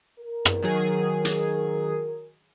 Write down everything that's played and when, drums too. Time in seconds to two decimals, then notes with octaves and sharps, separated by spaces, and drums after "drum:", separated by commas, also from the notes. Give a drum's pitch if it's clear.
0.19 A#4
0.45 drum: rim click
0.62 D#3 F#3 G#4
1.25 drum: hi-hat